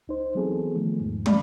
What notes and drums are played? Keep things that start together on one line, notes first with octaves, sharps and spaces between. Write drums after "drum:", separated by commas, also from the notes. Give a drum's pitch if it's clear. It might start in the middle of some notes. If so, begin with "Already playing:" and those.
C#2 D#4 C5
E3 F#3 B3 C4 G#4 A4
D#3 F3 A3
E2 G#2
C#4 D5 F5 B5, drum: tom